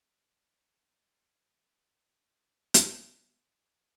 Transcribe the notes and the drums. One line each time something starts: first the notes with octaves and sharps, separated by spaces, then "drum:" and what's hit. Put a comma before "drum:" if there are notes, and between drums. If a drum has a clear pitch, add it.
F#2
F#2
F#2
F#2
G2
F#2
G2
drum: hi-hat
F#2
F2